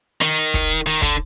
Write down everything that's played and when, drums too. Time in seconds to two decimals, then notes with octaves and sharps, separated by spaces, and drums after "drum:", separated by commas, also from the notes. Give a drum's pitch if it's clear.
0.21 D#3, drum: rim click
0.54 drum: kick, hi-hat
0.86 D#3, drum: hi-hat
1.02 D3, drum: kick, hi-hat